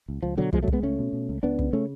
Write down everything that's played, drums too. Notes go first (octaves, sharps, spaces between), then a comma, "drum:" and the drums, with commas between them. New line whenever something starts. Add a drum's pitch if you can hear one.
C#2
C#2 F3
B2 D3 F#3
B2 F3 G#3, drum: kick
F#3 A3
C#2, drum: kick
G#3 B3
C#2 A3 C#4
B2
B2
C#2
C#2 B3 D4
C#3, drum: kick
C#3 A3 C#4